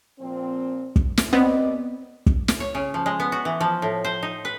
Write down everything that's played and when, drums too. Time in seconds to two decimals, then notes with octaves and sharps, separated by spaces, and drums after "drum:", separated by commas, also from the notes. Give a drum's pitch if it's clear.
0.20 A#2 F3 C4
0.96 drum: kick
1.17 drum: snare
1.33 D#2 B3 C4 D5 D#5
2.26 drum: kick
2.48 drum: snare
2.60 C#5
2.75 C#3
2.94 F3
3.06 G#3
3.20 B3
3.32 F#4
3.45 E3
3.60 F3
3.82 A2
4.04 C5
4.23 D#4
4.45 B4